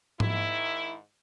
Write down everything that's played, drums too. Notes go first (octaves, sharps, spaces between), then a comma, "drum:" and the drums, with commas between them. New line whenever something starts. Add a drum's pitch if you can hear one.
G#2 D#3 E4, drum: tom G#2